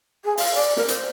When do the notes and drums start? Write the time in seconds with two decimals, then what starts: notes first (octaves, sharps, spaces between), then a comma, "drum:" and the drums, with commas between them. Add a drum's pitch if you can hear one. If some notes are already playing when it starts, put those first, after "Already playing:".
0.25 G#4
0.37 F5, drum: open hi-hat
0.55 D5
0.77 A#4, drum: snare
0.88 C5, drum: hi-hat